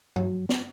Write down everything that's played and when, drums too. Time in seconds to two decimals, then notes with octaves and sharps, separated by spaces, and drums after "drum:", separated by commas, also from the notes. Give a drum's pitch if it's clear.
0.16 F#3, drum: tom G2
0.49 drum: snare